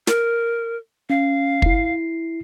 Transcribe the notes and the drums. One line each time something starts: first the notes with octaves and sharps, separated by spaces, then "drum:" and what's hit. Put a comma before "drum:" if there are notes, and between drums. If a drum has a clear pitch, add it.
A#4, drum: snare
C#4 F5
E4 C7, drum: kick